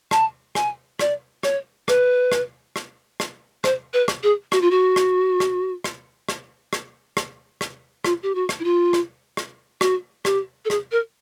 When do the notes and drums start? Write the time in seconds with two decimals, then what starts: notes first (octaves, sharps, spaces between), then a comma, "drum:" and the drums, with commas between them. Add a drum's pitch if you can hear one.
0.11 A5, drum: rim click
0.55 G#5, drum: rim click
0.99 D5, drum: rim click
1.43 C#5, drum: rim click
1.88 B4, drum: rim click
2.32 drum: rim click
2.76 drum: rim click
3.20 drum: rim click
3.64 C5, drum: rim click
3.93 B4
4.08 drum: rim click
4.23 G#4
4.52 F#4, drum: rim click
4.61 F4
4.71 F#4
4.96 drum: rim click
5.40 drum: rim click
5.84 drum: rim click
6.29 drum: rim click
6.73 drum: rim click
7.17 drum: rim click
7.61 drum: rim click
8.04 F4, drum: rim click
8.23 G4
8.35 F#4
8.49 drum: rim click
8.60 E4
8.64 F4
8.93 drum: rim click
9.37 drum: rim click
9.81 F#4, drum: rim click
10.25 G4, drum: rim click
10.65 A4
10.70 G#4, drum: rim click
10.92 A#4